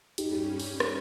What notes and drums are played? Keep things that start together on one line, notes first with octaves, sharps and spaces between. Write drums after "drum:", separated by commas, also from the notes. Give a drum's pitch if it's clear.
G2 G3 C#4 D#4 G4, drum: hi-hat
D#4 G4
drum: open hi-hat
drum: rim click